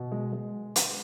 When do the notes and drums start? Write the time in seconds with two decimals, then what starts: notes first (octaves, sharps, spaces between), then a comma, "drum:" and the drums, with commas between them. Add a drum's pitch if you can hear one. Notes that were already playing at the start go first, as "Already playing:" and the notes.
Already playing: B2
0.12 G#3
0.33 G#3
0.76 drum: hi-hat